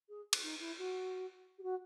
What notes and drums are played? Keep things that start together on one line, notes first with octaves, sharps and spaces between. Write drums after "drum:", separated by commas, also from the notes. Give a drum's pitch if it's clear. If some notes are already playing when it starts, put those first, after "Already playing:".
G#4
drum: cymbal
D#4
E4
F#4
G4
F#4